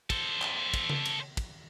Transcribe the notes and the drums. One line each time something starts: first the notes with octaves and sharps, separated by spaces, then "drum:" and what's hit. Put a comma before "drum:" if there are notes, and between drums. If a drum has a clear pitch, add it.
A4 C5, drum: kick, cymbal
drum: clap
drum: kick, cymbal
drum: tom C#3
drum: cymbal
drum: kick, cymbal